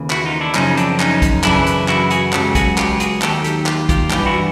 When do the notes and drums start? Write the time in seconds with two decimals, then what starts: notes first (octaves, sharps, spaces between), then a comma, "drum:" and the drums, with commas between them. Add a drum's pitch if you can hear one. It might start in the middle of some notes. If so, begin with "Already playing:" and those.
Already playing: D#2 C#3 E3
0.10 E4 F#4, drum: clap
0.25 D#4 F4
0.41 D4 E4
0.55 F#2 C#3 F3 C#4 D#4, drum: clap
0.77 C4 D4, drum: hi-hat
1.00 C#4 D#4, drum: clap
1.22 drum: kick, hi-hat
1.44 F#2 C#3 E3 D4 E4, drum: clap
1.66 drum: hi-hat
1.88 E4 F#4, drum: clap
2.10 F#4 G#4, drum: hi-hat
2.33 C#2 C#3 F#3 G4 A4, drum: clap
2.55 F#4 G#4, drum: kick, hi-hat
2.78 F4 G4, drum: clap
3.00 F#4 G#4, drum: hi-hat
3.22 D#2 D#3 F#3 G4 A4, drum: clap
3.44 G4 A4, drum: hi-hat
3.66 F4 G4, drum: clap
3.89 F4 G4, drum: kick, hi-hat
4.10 G2 E3 F4 G4, drum: clap
4.26 E4 F#4